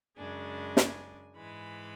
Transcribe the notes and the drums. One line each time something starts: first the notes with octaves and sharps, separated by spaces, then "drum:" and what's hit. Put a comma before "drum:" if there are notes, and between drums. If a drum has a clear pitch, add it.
F#2 C#3 G#3 D4 G#5
drum: snare
G#2 E3 G#3 B5